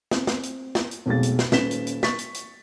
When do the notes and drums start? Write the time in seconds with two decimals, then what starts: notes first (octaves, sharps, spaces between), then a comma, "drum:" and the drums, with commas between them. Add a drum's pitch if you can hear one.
0.11 C4, drum: snare
0.27 drum: snare
0.43 drum: hi-hat
0.75 drum: snare
0.91 drum: hi-hat
1.06 F1 B1 G#3 A6
1.23 drum: hi-hat
1.39 drum: snare
1.52 D#1 C#4 B4 B6 E7 G7, drum: snare
1.71 drum: hi-hat
1.87 drum: hi-hat
2.03 C#6 A6 B6, drum: snare
2.19 drum: hi-hat
2.34 drum: hi-hat